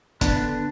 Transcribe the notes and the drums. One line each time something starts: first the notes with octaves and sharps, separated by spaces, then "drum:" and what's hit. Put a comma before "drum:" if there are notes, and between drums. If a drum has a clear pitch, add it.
B3 D4, drum: kick, hi-hat
D3